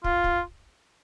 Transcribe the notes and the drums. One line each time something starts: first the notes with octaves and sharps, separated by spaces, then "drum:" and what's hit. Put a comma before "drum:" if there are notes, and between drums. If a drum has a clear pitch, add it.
F4, drum: kick
drum: kick